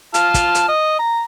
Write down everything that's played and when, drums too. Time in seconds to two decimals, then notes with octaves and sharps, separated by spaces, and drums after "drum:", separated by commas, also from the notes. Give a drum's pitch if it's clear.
0.14 F4 A5 F6, drum: hi-hat
0.34 drum: kick, hi-hat
0.55 drum: hi-hat
0.68 D#5
0.99 A#5